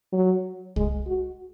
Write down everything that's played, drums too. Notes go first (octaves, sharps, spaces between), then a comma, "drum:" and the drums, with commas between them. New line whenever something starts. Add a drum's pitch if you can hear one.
F#3
G#3, drum: kick C2
F#4